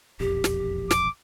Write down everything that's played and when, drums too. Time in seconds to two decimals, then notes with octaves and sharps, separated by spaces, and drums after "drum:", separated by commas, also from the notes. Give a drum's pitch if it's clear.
0.20 E1 A#1 F2 G4
0.44 drum: snare
0.91 D6, drum: snare